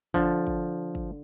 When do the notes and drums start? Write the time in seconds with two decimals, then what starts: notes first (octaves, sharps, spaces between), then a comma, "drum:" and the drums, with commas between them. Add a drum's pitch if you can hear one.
0.14 D3 F3, drum: kick
0.47 drum: kick
0.95 drum: kick